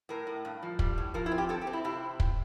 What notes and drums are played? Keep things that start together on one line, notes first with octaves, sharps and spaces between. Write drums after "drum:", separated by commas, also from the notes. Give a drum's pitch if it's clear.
A2 A#4
A2
G2
F3
G3, drum: kick
A2
F3 A#4
E4
C4
G4
C4 A4
G4
C4
E4
C3 E4
drum: kick